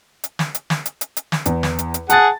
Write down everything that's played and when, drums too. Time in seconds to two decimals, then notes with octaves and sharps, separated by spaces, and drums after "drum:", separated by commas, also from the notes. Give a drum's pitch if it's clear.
0.24 drum: hi-hat
0.39 drum: snare
0.55 drum: hi-hat
0.70 drum: snare
0.86 drum: hi-hat
1.01 drum: hi-hat
1.17 drum: hi-hat
1.32 drum: snare
1.46 E2, drum: hi-hat
1.63 drum: snare
1.79 drum: hi-hat
1.94 drum: hi-hat
2.10 G#4 F#5 A5 A6, drum: hi-hat